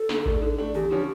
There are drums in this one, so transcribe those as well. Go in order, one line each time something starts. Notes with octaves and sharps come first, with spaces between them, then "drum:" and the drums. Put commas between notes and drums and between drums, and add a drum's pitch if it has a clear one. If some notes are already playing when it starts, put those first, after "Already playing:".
Already playing: A4
D3, drum: snare
A3 D4, drum: kick A1
D3
A3 D4
E2 G4
D3 F3 C#4